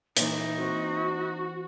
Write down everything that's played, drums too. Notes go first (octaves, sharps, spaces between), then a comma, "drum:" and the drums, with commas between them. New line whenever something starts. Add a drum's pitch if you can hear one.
A#2 E3 D#4, drum: hi-hat
C4 F#4